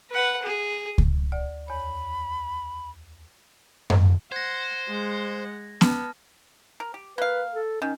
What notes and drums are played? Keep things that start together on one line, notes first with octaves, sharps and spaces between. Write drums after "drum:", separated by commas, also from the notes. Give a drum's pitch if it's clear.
B4 F#5
G#4
drum: kick C#2
D2 D5
E2 C#5 B5
drum: tom F#2
C5 F#5 G#6 A#6
G#3 F#5
B3 A5 F6, drum: snare B3
A#4
G4
A#3 B4 F5
A4
D#3 C#4